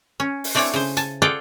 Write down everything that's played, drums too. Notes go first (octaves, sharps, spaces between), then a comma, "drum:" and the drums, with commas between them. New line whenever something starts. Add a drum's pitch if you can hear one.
C#4
drum: open hi-hat
A3 C4 D4 E4 C#5 G#5
C#3 C5
G#5 A5, drum: hi-hat
F4 G#4 A4 D5 F#5 G5